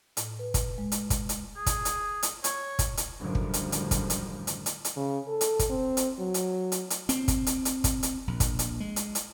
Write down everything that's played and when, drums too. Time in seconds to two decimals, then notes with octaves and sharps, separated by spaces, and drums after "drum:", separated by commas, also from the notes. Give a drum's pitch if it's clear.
0.17 A2, drum: hi-hat
0.39 B4
0.54 drum: kick, hi-hat
0.78 G#3
0.92 drum: hi-hat
1.10 drum: kick, hi-hat
1.29 drum: hi-hat
1.56 G#4
1.66 drum: kick, hi-hat
1.85 drum: hi-hat
2.23 drum: hi-hat
2.44 C#5, drum: hi-hat
2.79 drum: kick, hi-hat
2.97 drum: hi-hat
3.20 F#2 A2 D3 D#3 F3 G3
3.35 drum: kick
3.54 drum: hi-hat
3.72 drum: hi-hat
3.91 drum: kick, hi-hat
4.10 drum: hi-hat
4.47 drum: hi-hat
4.66 drum: hi-hat
4.85 drum: hi-hat
4.96 C#3
5.28 A4
5.41 drum: hi-hat
5.59 drum: kick, hi-hat
5.70 C4
5.97 drum: hi-hat
6.19 F#3
6.34 drum: hi-hat
6.72 drum: hi-hat
6.90 drum: hi-hat
7.09 C4, drum: hi-hat
7.28 drum: kick, hi-hat
7.47 drum: hi-hat
7.65 drum: hi-hat
7.84 drum: kick, hi-hat
8.03 drum: hi-hat
8.27 A#1
8.40 drum: kick, hi-hat
8.59 drum: hi-hat
8.80 G#3
8.96 drum: hi-hat
9.15 drum: hi-hat